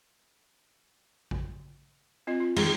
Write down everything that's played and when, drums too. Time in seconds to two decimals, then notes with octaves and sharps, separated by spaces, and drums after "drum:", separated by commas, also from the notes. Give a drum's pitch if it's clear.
1.31 drum: kick A1
2.27 C4 F4 D#5
2.40 F4
2.56 D#3 G#3, drum: cymbal